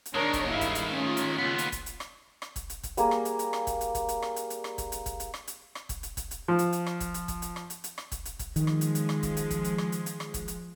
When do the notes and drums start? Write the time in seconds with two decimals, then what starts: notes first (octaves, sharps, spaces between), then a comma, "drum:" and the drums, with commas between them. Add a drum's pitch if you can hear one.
0.06 drum: hi-hat
0.15 D#3 G#3 D4 A#4 C#5
0.33 drum: kick, hi-hat
0.52 G2 E4 F5
0.61 drum: kick, hi-hat
0.75 drum: hi-hat
0.96 A3 C#4 F4
1.17 drum: hi-hat
1.39 D#2 C#3 B3 F4
1.58 drum: hi-hat
1.72 drum: kick, hi-hat
1.86 drum: hi-hat
2.00 drum: rim click
2.42 drum: rim click
2.56 drum: kick, hi-hat
2.70 drum: hi-hat
2.83 drum: kick, hi-hat
2.97 G3 A#3 G#4 A#4, drum: hi-hat
3.11 drum: rim click
3.25 drum: hi-hat
3.39 drum: hi-hat
3.53 drum: rim click
3.67 drum: kick, hi-hat
3.81 drum: hi-hat
3.95 drum: kick, hi-hat
4.09 drum: hi-hat
4.22 drum: rim click
4.36 drum: hi-hat
4.50 drum: hi-hat
4.64 drum: rim click
4.78 drum: kick, hi-hat
4.92 drum: hi-hat
5.06 drum: kick, hi-hat
5.20 drum: hi-hat
5.34 drum: rim click
5.48 drum: hi-hat
5.75 drum: rim click
5.89 drum: kick, hi-hat
6.03 drum: hi-hat
6.17 drum: kick, hi-hat
6.31 drum: hi-hat
6.48 F3
6.59 drum: hi-hat
6.73 drum: hi-hat
6.86 drum: rim click
7.00 drum: kick, hi-hat
7.14 drum: hi-hat
7.28 drum: kick, hi-hat
7.42 drum: hi-hat
7.56 drum: rim click
7.70 drum: hi-hat
7.84 drum: hi-hat
7.98 drum: rim click
8.12 drum: kick, hi-hat
8.25 drum: hi-hat
8.39 drum: kick, hi-hat
8.56 D#3 F3 G#3, drum: hi-hat
8.67 drum: rim click
8.81 drum: hi-hat
8.95 drum: hi-hat
9.09 drum: rim click
9.23 drum: kick, hi-hat
9.37 drum: hi-hat
9.51 drum: kick, hi-hat
9.64 drum: hi-hat
9.78 drum: rim click
9.92 drum: hi-hat
10.06 drum: hi-hat
10.20 drum: rim click
10.34 drum: kick, hi-hat
10.48 drum: hi-hat